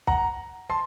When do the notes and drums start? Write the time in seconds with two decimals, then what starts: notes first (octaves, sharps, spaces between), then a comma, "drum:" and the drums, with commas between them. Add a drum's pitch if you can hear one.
0.07 F#5 A#5, drum: kick
0.70 A5 C6